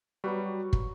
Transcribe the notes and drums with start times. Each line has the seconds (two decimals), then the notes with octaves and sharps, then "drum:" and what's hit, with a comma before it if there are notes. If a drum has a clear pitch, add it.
0.24 F#3 G3 B3 F#4
0.73 drum: kick